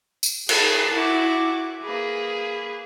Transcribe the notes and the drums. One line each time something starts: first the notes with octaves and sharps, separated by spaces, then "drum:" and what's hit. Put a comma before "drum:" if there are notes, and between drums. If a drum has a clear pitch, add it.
drum: tambourine
G#4 B4 A5, drum: cymbal
E4 F#4 D6
A#3 G#4 B4